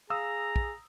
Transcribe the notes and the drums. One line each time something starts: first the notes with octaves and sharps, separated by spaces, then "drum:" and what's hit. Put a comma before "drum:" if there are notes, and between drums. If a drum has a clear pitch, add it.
G#4 F5 A#5 D#6 E6
drum: kick